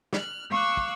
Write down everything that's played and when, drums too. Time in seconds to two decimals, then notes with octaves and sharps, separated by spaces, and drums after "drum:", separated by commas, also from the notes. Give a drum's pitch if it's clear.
0.13 F6 F#6, drum: snare
0.50 F5 C#6 D6 E6 F#6
0.77 drum: kick